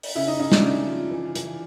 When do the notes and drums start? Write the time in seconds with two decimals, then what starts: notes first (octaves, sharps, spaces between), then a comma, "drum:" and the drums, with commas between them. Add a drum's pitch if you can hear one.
0.03 drum: open hi-hat
0.15 C#3 E4 E5
0.28 D#4 D#5
0.39 C#3 D#4 D#5
0.52 D4 D5, drum: snare
0.63 C#3
0.87 F3
1.11 E3
1.35 E3, drum: hi-hat